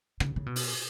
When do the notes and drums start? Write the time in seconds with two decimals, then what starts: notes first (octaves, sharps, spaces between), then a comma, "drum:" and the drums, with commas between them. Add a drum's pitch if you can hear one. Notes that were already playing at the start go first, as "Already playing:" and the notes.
0.20 C#3, drum: rim click
0.36 C#3
0.46 B2
0.56 drum: open hi-hat